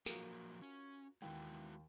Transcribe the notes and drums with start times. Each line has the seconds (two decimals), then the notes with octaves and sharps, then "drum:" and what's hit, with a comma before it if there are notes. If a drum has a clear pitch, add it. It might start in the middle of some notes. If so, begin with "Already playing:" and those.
0.06 F3 F#3 A#3 F4 F#4 A#4, drum: tambourine
0.62 C#4
1.22 D#2 G#3 E4 F#4 G5